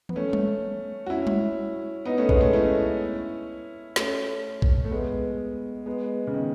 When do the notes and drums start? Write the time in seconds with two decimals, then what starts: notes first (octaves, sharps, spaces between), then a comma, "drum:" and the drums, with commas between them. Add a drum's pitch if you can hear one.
0.09 B3, drum: tom E3
0.16 A3 C#4
0.33 drum: tom G3
1.06 F#4
1.10 C#4 E4
1.27 drum: tom G3
2.05 B3 D#4
2.18 A3 C#4
2.29 G#3 B3, drum: kick
2.41 A3 C#4
2.53 C#4 E4
3.96 A3 C#4, drum: snare
4.62 drum: kick
4.84 A3
4.91 G#3 B3
5.86 G#3 B3
6.27 C#3
6.34 D#3